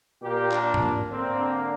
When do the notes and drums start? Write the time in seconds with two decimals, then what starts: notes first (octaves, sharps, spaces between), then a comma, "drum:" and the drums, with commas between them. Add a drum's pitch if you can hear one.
0.21 A#2 A#3 G4
0.52 D4, drum: clap
0.74 drum: tom G#2
1.11 D3 A#3 C4
1.40 D4